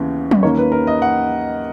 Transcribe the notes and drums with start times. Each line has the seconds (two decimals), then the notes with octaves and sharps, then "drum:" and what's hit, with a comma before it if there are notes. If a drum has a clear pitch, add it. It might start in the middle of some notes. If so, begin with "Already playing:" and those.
Already playing: D#2 C#3 E3 B3
0.31 drum: tom F#3
0.43 D#2 D#3 A#3 C#4 C#5
0.58 B4
0.72 A#4
0.87 D#5
1.02 F#5